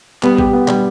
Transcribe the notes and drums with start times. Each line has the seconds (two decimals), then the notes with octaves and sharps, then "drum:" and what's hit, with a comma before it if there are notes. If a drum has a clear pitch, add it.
0.23 G3 B3, drum: clap
0.39 G4, drum: kick A1
0.53 B3
0.68 G3, drum: clap